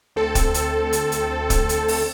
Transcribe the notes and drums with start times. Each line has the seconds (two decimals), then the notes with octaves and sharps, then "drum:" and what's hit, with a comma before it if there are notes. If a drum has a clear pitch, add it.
0.16 D2 C4 A4
0.35 drum: kick, hi-hat
0.54 drum: hi-hat
0.93 drum: hi-hat
1.12 drum: hi-hat
1.50 drum: kick, hi-hat
1.69 drum: hi-hat
1.88 drum: open hi-hat